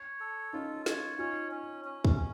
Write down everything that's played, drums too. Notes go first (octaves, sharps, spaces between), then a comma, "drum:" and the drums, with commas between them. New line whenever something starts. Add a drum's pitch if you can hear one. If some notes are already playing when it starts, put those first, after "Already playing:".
Already playing: C#5
A4
C#4 D#4 F4
C#5, drum: snare
C#4 D#4 F4
C#4
C#4
drum: kick
C#4